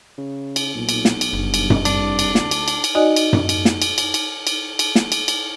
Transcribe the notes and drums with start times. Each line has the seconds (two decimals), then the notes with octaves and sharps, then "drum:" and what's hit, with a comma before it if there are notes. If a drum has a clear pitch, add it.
0.18 C#3
0.56 drum: cymbal
0.75 B1 A#2
0.89 drum: cymbal
1.05 drum: snare
1.21 drum: cymbal
1.33 F#1 G2
1.54 drum: cymbal
1.70 drum: tom F#2
1.85 C2 D4, drum: cymbal
2.19 drum: cymbal
2.35 D2, drum: snare
2.51 drum: cymbal
2.68 drum: cymbal
2.84 drum: cymbal
2.95 D#4 F#4 D5 D#5 G#5
3.16 drum: cymbal
3.33 drum: tom F#2
3.49 drum: cymbal
3.65 drum: snare
3.82 drum: cymbal
3.98 drum: cymbal
4.14 drum: cymbal
4.47 drum: cymbal
4.79 drum: cymbal
4.95 drum: snare
5.12 drum: cymbal
5.28 drum: cymbal